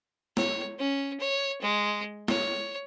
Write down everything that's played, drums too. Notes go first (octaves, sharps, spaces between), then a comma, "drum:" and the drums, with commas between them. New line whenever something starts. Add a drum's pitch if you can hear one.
C#5, drum: snare
C#4
C#5
G#3
C#5, drum: snare